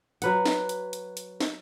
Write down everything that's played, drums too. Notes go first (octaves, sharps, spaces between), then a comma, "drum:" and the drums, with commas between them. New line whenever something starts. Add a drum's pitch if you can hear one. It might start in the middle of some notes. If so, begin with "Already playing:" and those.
F#3 B4 F#5, drum: hi-hat
drum: snare
drum: hi-hat
drum: hi-hat
drum: hi-hat
drum: snare